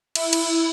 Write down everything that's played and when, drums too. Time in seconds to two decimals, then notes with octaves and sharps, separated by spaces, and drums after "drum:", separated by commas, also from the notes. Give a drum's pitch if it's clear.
0.15 E4, drum: cymbal
0.33 drum: cymbal